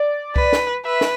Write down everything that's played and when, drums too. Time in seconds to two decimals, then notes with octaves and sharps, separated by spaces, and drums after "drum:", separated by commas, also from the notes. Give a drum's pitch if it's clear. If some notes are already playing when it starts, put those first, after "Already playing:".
Already playing: D5
0.36 B4, drum: kick C2
0.53 drum: snare
0.85 B4 E5
1.01 drum: snare